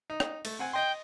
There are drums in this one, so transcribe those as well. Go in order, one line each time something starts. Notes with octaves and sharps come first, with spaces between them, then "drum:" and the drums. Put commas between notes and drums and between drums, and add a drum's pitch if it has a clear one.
D#4
drum: rim click
A3, drum: cymbal
C4 F#5 G#5
D#5 G5 C6